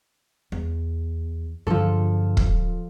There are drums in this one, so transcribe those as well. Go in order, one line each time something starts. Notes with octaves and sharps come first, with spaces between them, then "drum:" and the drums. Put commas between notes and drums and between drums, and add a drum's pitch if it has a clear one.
E2
G2 D3 F3 A4
drum: kick